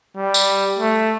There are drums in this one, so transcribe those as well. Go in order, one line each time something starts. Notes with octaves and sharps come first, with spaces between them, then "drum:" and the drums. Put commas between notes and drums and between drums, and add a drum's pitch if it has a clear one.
G3
drum: tambourine
A3